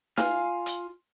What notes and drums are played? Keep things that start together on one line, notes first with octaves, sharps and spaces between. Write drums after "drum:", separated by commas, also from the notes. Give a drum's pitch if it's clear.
F4 F5 G#5 F6, drum: snare
drum: hi-hat